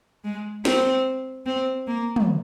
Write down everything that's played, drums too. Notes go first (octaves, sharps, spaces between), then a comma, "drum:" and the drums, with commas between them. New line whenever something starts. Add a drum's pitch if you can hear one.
G#3
C4, drum: snare
C4
A#3
drum: tom